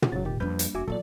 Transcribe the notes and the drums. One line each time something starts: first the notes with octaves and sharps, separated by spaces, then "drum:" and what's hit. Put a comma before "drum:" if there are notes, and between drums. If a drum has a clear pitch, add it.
drum: tom
F1 C#3 F#3 A6
A#2 D#3 G4
F2 G3 A#3 D4 B4 G6
drum: hi-hat
E1 F#4 E5 G#5 D6
A#2 E3 F#3 F4 A4 D5